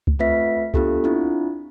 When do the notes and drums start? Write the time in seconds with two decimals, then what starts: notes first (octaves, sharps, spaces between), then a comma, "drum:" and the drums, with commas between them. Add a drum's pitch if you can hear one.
0.07 drum: kick C#2
0.19 A3 C4 F4 B4 E5 B6
0.74 B3 D4 F4 G4 A4, drum: kick C#2
1.04 C4 D4 E4 F4